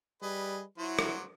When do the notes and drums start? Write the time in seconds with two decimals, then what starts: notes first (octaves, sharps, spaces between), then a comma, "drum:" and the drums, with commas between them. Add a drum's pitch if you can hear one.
0.22 G3 G#4 B4 D#5
0.78 F#3 E4 F#4 C5
0.99 drum: rim click